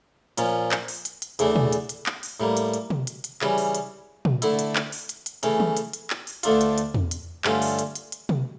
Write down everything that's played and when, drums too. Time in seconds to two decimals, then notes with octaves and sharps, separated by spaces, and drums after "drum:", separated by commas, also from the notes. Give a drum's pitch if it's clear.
0.38 A#2 F3 C#4 F4, drum: hi-hat
0.72 drum: clap
0.88 drum: open hi-hat
1.05 drum: hi-hat
1.22 drum: hi-hat
1.39 E2 C#3 E3 A3 D4, drum: hi-hat
1.56 drum: tom A#2
1.73 drum: hi-hat
1.89 drum: hi-hat
2.06 drum: clap
2.23 drum: open hi-hat
2.40 A2 G3 A#3
2.57 drum: hi-hat
2.74 drum: hi-hat
2.90 drum: tom
3.07 drum: hi-hat
3.24 drum: hi-hat
3.41 C#3 E3 G3 C#4, drum: clap
3.58 drum: open hi-hat
3.75 drum: hi-hat
4.25 drum: tom A#2
4.42 D3 A3 E4, drum: hi-hat
4.59 drum: hi-hat
4.76 drum: clap
4.92 drum: open hi-hat
5.09 drum: hi-hat
5.26 drum: hi-hat
5.43 C#3 E3 A3 C#4, drum: hi-hat
5.60 drum: tom D#3
5.77 drum: hi-hat
5.93 drum: hi-hat
6.10 drum: clap
6.27 drum: open hi-hat
6.43 D2 D3 A3 D4 F4, drum: hi-hat
6.61 drum: hi-hat
6.78 drum: hi-hat
6.94 drum: tom E2
7.11 drum: hi-hat
7.44 G2 D3 A3 C#4 F4, drum: clap
7.62 drum: open hi-hat
7.79 drum: hi-hat
7.96 drum: hi-hat
8.12 drum: hi-hat
8.29 drum: tom